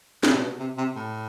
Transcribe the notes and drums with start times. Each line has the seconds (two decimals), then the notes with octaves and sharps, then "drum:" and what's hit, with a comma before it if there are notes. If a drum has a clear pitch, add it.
0.23 A2, drum: snare
0.32 C3
0.41 B2
0.60 C3
0.78 C3
0.96 A2